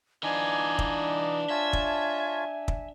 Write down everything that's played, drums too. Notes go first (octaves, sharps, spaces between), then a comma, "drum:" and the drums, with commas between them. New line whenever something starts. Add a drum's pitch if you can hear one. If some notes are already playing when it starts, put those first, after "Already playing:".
E3 D4 D#4 F4 D5 D#5 G#5
drum: kick
F4 C#5 E5 G#5 A5
drum: kick
drum: kick